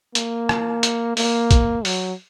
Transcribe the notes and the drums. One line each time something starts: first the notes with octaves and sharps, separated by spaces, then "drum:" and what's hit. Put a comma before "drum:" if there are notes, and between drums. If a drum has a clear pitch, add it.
A#3, drum: hi-hat
drum: rim click
drum: hi-hat
A#3, drum: open hi-hat
drum: kick, hi-hat
F#3, drum: open hi-hat